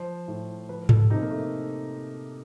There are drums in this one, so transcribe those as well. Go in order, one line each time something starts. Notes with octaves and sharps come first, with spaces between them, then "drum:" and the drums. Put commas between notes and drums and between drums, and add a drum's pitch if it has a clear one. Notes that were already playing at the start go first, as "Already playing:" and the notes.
Already playing: F3 C5
A2
F3 B4
A4, drum: tom G#2
C3 D#4
A#3
A3